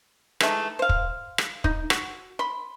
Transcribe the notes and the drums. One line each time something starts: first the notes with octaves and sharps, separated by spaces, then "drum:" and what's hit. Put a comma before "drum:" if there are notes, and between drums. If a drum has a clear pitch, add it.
E3 G#3 A3 D#4, drum: rim click
C5 F5
drum: kick
drum: rim click
D#4, drum: kick
F#4, drum: rim click
B5 C6